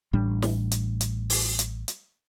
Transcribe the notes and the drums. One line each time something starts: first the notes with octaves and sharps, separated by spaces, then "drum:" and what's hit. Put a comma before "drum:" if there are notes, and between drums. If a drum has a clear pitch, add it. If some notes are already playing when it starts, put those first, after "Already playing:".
A1 A2 G3 D4
drum: snare
drum: hi-hat
drum: hi-hat
drum: open hi-hat
drum: hi-hat
drum: hi-hat